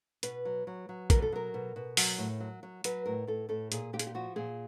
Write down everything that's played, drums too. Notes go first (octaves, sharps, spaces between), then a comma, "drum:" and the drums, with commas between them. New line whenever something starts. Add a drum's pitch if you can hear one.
B2 B4, drum: hi-hat
F#3
F#3
F#3
B2 A#4, drum: kick A#1, hi-hat
A4
F#3 A#4
B2
B2
F#3, drum: open hi-hat
A2
F#3
F#3
F#3 B4, drum: hi-hat
A2 A#4
A2 A4
A2 A4
A#2 G#4, drum: hi-hat
A#2 G4
G#4, drum: hi-hat
G4
F3 F#4
A#2 G#4